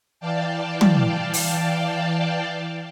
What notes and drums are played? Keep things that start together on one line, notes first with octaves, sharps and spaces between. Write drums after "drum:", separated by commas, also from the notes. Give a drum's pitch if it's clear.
E3 D5 F5 G5 A5
drum: tom
drum: open hi-hat